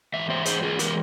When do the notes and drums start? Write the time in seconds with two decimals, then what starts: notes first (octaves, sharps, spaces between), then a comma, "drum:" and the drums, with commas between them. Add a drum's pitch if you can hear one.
0.14 G#2 E3 E5
0.30 C5 E5
0.45 G#4 C5, drum: hi-hat
0.62 F4 G#4
0.79 E3 G#3 G4 A#4, drum: hi-hat